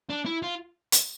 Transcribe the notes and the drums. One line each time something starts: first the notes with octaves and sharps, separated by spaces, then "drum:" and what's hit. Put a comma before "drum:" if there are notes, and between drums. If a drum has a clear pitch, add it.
D4
E4
F4
drum: hi-hat